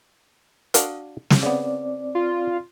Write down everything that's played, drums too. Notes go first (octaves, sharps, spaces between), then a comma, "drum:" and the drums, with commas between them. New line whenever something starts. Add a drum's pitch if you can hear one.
D4 F#4 F5, drum: hi-hat
drum: snare
C#3 B3 C4 D5
F4